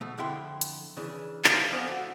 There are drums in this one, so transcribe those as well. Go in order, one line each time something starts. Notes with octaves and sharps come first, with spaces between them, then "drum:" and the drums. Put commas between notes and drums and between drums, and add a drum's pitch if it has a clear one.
B2 A3
F2 D3 E4 E5 G5 C6
drum: hi-hat
C#3 E3 D4
F3 A3 D4 F4, drum: clap
F2 B3 D4 C5 F5 G#5
A3 F#4